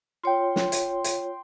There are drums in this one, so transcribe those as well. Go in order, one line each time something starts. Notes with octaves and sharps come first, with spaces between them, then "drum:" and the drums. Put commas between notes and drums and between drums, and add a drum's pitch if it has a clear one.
F4 C#5 G5 C6
drum: snare
drum: hi-hat
drum: hi-hat